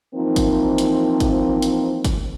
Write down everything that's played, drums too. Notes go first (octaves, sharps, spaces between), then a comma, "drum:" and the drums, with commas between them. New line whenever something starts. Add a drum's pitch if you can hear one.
E3 F3 A#3 C4 D#4
drum: kick G1, hi-hat
drum: hi-hat
drum: kick G1, hi-hat
drum: hi-hat
drum: kick G1, hi-hat